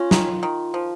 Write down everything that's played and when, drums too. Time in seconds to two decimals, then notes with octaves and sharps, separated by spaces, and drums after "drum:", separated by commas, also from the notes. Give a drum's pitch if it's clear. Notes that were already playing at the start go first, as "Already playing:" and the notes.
Already playing: C#4 F4
0.11 D#3, drum: snare
0.43 D#3
0.74 F3